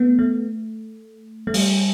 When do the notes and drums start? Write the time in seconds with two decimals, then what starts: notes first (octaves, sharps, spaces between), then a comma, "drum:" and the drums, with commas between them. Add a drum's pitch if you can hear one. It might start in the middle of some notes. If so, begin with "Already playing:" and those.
Already playing: A3 B3
0.19 A3
1.47 A3
1.54 G3, drum: open hi-hat